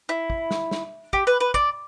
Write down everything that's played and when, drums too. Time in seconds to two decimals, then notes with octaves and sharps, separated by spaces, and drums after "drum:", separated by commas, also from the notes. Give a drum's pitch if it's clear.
0.09 E4
0.30 drum: kick
0.51 drum: snare
0.71 drum: snare
1.13 G4, drum: kick
1.27 B4
1.40 B4
1.54 D5, drum: kick